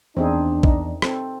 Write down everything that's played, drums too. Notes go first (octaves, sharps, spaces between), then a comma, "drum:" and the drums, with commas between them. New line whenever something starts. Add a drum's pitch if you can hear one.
E2 C4 D4 D#4 G#4
D#4, drum: kick A#1
C4 A4, drum: rim click